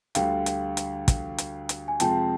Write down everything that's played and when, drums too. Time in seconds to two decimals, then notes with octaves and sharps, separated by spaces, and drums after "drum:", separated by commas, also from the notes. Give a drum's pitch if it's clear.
0.15 D2 D3 G3 F5 G5, drum: hi-hat
0.46 drum: hi-hat
0.77 drum: hi-hat
1.08 drum: kick, hi-hat
1.38 drum: hi-hat
1.69 drum: hi-hat
1.88 G#5
2.00 F2 C3 F3 G#3 C4 G5 A5, drum: hi-hat